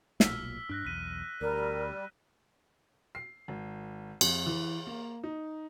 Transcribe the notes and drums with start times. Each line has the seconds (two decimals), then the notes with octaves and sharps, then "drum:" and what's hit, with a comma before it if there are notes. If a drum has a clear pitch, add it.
0.20 B1 A#2 E6 F6 B6, drum: snare
0.69 G2 D4 E6 F#6 A#6
0.85 B1 E2 B6 D#7
1.41 D2 G3 A#4
3.15 C7
3.48 G#1
4.21 F2, drum: cymbal
4.46 E3
4.87 A#3
5.23 D#4